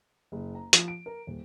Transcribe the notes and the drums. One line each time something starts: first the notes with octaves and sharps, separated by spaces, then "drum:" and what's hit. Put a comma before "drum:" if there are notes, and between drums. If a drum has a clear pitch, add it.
F#1
A#5
F3, drum: hi-hat
D7
A#4
D#1